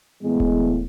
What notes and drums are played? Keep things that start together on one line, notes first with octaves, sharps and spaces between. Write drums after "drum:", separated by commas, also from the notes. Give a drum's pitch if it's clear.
A2 E3 G#3 B3
drum: kick D#1